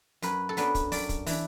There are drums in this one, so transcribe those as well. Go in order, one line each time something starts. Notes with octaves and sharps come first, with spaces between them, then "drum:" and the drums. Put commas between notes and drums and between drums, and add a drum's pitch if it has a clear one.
F#2 B4, drum: hi-hat
A4
F#3 B3 D4 B4, drum: hi-hat
drum: kick, hi-hat
F#2 D5, drum: open hi-hat
drum: kick, hi-hat
E3 D4, drum: open hi-hat